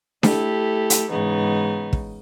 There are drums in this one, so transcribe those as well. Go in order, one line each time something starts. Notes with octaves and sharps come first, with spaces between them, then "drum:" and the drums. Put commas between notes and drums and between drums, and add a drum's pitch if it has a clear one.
A3 E4 G4 A4, drum: snare D4
drum: hi-hat
G#2 C#3 E3 B3 D#4
drum: kick